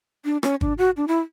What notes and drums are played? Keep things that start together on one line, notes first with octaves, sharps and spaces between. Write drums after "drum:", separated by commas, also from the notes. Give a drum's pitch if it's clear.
D4
C#4, drum: rim click
D4, drum: kick
F#4
D4
E4